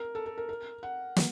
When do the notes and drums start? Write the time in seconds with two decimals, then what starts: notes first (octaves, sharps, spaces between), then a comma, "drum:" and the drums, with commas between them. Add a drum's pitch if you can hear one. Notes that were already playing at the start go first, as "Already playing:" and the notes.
Already playing: A#4
0.15 A4
0.26 A4
0.38 A#4
0.49 A#4
0.83 F#5
1.16 drum: snare